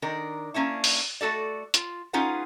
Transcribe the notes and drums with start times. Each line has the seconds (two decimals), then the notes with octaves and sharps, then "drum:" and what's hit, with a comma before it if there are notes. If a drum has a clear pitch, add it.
0.02 D#3 D4 A#4
0.54 A#3 C#4 D4 E4
0.84 drum: open hi-hat
1.21 A3 F#4 A4 D5
1.74 F4, drum: hi-hat
2.13 C#4 D#4 F4 G#4 B4 F#5